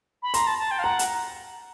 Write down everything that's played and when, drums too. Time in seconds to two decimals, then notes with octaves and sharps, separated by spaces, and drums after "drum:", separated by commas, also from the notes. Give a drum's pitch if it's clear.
0.23 B5
0.34 A#5 C6, drum: hi-hat
0.47 A5
0.58 A5
0.71 G5
0.79 F5
0.83 F#5 A#5
0.99 drum: hi-hat